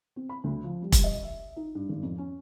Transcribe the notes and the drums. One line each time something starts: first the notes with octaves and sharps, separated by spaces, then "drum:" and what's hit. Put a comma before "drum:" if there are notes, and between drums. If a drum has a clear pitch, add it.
C4
B5
D2
F3
G3
drum: kick, hi-hat
D#5
E5
D#4
G2
G#1
F2
C#4